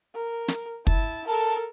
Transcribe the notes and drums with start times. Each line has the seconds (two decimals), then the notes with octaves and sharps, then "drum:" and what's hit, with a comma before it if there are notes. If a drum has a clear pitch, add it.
0.15 A#4
0.48 drum: snare
0.87 E4 A5, drum: kick
1.27 A4 A#4 A5